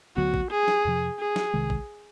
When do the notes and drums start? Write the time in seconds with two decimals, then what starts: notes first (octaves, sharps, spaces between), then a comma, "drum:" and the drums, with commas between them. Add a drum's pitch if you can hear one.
0.16 D2 D3 F#3 B3 F#4
0.34 drum: kick A1
0.51 G#4
0.68 drum: snare
0.85 F2 C3 F3
1.19 G#4
1.36 drum: snare
1.53 C2 C3 D#3 G#3
1.70 drum: kick A1